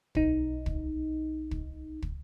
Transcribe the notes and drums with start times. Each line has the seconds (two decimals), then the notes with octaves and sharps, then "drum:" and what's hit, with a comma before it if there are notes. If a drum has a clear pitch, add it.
0.15 B1 D#4, drum: kick
0.66 drum: kick
1.51 drum: kick
2.02 drum: kick